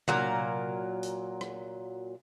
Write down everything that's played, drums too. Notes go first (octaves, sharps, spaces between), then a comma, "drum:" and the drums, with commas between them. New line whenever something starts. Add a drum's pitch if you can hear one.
A#2 F#3 A#4, drum: tom C3
drum: hi-hat
drum: rim click